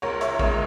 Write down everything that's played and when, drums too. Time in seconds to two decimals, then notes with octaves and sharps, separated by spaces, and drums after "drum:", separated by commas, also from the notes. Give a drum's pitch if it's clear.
0.02 C#2 A#4 C#5
0.21 C#5 E5, drum: hi-hat
0.39 C#3 G#3 A#4 C#5, drum: kick